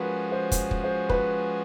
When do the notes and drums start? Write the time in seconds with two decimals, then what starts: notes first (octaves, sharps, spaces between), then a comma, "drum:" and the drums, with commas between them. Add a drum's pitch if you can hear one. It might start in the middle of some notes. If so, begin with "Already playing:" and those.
Already playing: F3 G#3 C#4 F#4 A#4 B4
0.32 C5
0.52 drum: kick, hi-hat
0.71 drum: kick
0.84 C5
1.09 B4, drum: kick